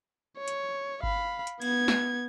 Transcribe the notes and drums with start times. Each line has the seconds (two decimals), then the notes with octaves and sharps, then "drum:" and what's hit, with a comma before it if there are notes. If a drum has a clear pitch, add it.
0.38 C#5
0.48 drum: hi-hat
1.03 F5 B5, drum: kick G1
1.47 drum: hi-hat
1.62 B3 G#6, drum: cymbal
1.88 drum: snare